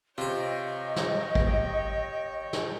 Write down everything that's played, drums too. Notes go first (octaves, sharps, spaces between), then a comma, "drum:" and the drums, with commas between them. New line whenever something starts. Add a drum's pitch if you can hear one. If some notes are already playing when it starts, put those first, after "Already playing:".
C3 F4 C5 C#5 D#5 G5
drum: snare
drum: kick
drum: snare